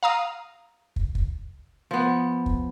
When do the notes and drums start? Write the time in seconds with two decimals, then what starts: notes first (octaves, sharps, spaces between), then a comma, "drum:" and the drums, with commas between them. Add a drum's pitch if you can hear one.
0.03 F5 A#5 D#6
0.96 drum: kick
1.15 drum: kick
1.91 F3 B3
2.46 drum: kick